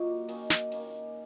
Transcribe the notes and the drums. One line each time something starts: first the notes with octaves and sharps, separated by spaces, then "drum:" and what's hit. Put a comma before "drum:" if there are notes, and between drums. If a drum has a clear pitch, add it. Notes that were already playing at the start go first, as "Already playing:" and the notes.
Already playing: A#2 F#3 A#3 D#4 F#4
D#3 A#3 C#4 D#5, drum: open hi-hat
drum: snare
D#3 A#3 C#4, drum: open hi-hat